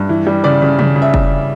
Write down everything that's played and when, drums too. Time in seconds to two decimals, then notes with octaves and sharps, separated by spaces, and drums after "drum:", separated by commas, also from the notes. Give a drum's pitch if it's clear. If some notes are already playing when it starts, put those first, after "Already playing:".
Already playing: G2
0.09 E3
0.27 G3
0.44 C#3 D5
0.62 C#3
0.79 C#3, drum: tom
0.96 C#3
1.02 E5
1.14 drum: kick